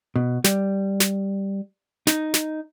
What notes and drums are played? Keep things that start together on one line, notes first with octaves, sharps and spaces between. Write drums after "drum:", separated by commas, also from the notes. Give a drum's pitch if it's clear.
B2
G3, drum: snare
drum: snare
D#4, drum: snare
drum: snare